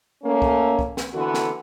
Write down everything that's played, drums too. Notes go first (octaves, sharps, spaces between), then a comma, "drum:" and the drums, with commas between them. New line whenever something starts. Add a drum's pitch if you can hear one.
A3 A#3 C#4
drum: kick
drum: kick
drum: snare
D3 E3 B3 F#4
drum: snare